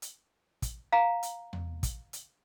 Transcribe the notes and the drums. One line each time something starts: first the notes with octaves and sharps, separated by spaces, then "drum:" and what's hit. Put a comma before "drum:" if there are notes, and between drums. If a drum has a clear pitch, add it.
drum: hi-hat
drum: kick, hi-hat
F5 A#5
drum: hi-hat
drum: tom E2
drum: kick, hi-hat
drum: hi-hat